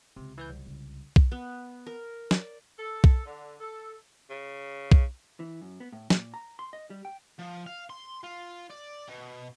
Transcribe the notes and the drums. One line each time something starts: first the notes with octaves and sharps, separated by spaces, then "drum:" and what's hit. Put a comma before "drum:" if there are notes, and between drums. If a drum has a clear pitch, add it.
C#2 C3
E3 B4 G6
C2
C#2
drum: kick B1
B3
A#4
D5, drum: snare
A4
drum: kick B1
D3
A4
C#3
drum: kick B1
E3
F#2
B3
A2
A#2, drum: snare
A#5
C6
D#5
G3
G5
F3
F5
C6
F4
D5
B2